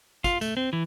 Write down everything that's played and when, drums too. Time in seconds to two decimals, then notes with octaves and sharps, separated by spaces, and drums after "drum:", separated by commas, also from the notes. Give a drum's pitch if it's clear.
0.24 F4, drum: kick, tambourine
0.41 A3, drum: tambourine
0.57 C4
0.73 E3